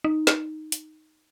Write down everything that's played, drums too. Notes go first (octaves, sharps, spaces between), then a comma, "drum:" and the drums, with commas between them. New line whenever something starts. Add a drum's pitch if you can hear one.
D#4
drum: snare
drum: hi-hat